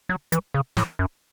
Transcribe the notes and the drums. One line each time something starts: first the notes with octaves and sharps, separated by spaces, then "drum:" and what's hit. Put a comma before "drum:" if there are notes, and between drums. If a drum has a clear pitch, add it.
F#3
E3, drum: hi-hat
C#3
A2, drum: snare
F#2